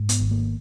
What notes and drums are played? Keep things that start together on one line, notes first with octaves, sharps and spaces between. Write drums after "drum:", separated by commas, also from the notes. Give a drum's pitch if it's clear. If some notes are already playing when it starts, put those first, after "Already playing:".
Already playing: G#2
B3, drum: hi-hat
G#1
A#3